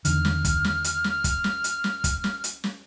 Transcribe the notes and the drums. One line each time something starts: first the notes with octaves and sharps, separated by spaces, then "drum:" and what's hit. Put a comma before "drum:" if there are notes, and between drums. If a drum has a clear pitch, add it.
E2 D3 D#3 F6, drum: hi-hat
drum: snare
drum: kick, hi-hat
drum: snare
drum: hi-hat
drum: snare
drum: kick, hi-hat
drum: snare
drum: hi-hat
drum: snare
drum: kick, hi-hat
drum: snare
drum: hi-hat
drum: snare